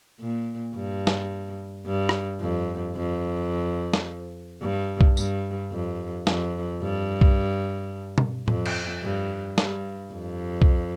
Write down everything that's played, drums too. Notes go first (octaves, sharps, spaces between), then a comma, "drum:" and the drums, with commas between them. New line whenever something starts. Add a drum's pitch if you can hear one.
A#2
G2
drum: snare
G2
drum: rim click
F2
F2
drum: snare
G2
drum: kick B1
G2, drum: tambourine
F2
F2, drum: snare
G2
drum: kick B1
drum: tom B2
F2, drum: tom A2
drum: cymbal
G2
G2, drum: snare
F2
drum: kick B1